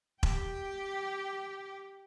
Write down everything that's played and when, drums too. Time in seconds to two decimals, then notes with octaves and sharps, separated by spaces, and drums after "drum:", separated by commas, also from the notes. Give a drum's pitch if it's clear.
0.23 G4 G5, drum: kick E1